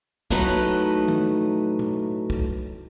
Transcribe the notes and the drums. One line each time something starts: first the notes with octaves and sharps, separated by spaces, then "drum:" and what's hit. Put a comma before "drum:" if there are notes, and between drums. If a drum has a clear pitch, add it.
A2 F#3 A3 D#4 B4, drum: kick
drum: tom D#3
drum: tom B2
drum: kick